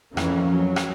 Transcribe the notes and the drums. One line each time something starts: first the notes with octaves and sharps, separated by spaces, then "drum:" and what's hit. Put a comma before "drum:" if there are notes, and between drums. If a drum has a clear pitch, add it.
F2 E3 A#3 C#4, drum: rim click
F#3
drum: rim click